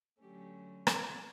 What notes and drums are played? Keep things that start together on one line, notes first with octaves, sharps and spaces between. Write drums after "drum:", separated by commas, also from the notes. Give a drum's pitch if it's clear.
D3 F#3 A3 C#4 G4
drum: rim click